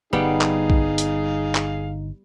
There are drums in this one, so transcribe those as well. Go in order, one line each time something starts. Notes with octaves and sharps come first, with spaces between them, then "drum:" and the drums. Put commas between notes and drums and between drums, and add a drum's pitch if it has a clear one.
G1 G3 B3 D#4 G#4 F5 G5
drum: clap
drum: kick A#1
drum: hi-hat
drum: clap